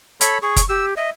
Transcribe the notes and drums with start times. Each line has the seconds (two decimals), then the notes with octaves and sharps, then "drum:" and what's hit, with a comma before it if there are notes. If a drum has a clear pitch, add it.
0.21 A4 C#5 B5, drum: hi-hat
0.42 G#4 C#6
0.56 drum: kick F#1, hi-hat
0.69 G4 E6
0.97 D#5 E5